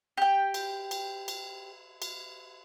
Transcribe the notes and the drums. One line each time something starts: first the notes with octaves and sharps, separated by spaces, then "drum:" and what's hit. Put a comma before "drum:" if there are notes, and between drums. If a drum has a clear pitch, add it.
G4 G5
drum: cymbal
drum: cymbal
drum: cymbal
drum: cymbal